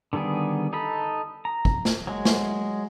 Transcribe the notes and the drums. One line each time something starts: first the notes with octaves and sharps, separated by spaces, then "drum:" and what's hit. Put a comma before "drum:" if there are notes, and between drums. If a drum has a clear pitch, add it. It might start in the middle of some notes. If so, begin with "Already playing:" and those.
D3 D#3 G3 B3 G#4
D#4 A4 B5
A#5
drum: kick
drum: snare
F#3 G#3
drum: snare